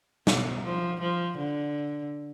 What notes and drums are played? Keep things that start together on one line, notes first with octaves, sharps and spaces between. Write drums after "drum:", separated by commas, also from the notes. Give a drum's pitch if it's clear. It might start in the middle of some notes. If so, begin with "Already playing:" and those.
B2, drum: snare
F3
F3
D3